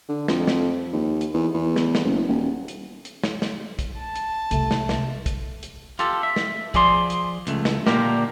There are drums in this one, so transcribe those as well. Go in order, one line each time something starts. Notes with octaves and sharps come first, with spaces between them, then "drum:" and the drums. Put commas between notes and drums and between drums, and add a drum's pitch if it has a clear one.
D3
F2, drum: snare
drum: snare
D#2
drum: hi-hat
E2
E2
drum: snare
drum: snare
F#1
D#1
drum: hi-hat
drum: hi-hat
drum: snare
drum: snare
drum: kick, hi-hat
A5
drum: hi-hat
C2 A3, drum: hi-hat
drum: snare
drum: snare
drum: kick, hi-hat
drum: hi-hat
F4 G4 A4, drum: hi-hat
E5
drum: snare
F3 G#4 D5 C6, drum: kick, hi-hat
drum: hi-hat
C#2 A3, drum: hi-hat
drum: snare
A#2 D3 A#3 G4 A#4, drum: snare